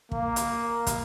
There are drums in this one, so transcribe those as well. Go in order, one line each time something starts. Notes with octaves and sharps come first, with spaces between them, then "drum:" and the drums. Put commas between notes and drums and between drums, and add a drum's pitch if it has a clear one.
A#3, drum: kick
drum: hi-hat
drum: kick, hi-hat